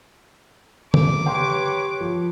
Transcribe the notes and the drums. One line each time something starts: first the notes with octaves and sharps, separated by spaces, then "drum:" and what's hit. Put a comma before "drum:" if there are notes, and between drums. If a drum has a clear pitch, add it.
D6, drum: tom C#3
G4 B4 C#5 G5 C6
F3